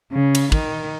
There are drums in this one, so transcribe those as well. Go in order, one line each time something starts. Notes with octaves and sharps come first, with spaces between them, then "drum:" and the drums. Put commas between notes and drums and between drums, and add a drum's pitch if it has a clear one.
C#3
drum: cymbal
D#3, drum: kick